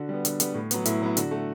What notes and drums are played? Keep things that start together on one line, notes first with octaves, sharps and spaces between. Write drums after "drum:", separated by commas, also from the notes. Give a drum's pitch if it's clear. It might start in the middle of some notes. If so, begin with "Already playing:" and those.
Already playing: D3 F#4
G3 B3
D3, drum: hi-hat
G3 B3, drum: hi-hat
A2
F#3 B3, drum: hi-hat
A2 E4, drum: hi-hat
F#3 B3 E4
D3 F#4, drum: hi-hat
A3